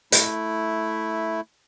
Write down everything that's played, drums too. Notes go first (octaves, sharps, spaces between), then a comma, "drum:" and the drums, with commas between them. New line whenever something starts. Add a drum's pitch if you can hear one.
A3 E4, drum: hi-hat